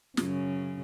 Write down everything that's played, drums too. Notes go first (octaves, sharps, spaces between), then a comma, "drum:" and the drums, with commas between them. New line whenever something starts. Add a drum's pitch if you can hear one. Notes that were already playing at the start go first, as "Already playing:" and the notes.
F#2 C#3, drum: snare